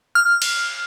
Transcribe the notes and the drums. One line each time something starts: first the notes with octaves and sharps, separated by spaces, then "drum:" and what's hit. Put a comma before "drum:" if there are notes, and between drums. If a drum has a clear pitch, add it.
F6
drum: cymbal